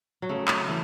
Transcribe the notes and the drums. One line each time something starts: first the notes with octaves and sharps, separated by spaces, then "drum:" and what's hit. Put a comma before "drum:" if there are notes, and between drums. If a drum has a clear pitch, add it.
F#3
C#3 A3
drum: clap
E3 A3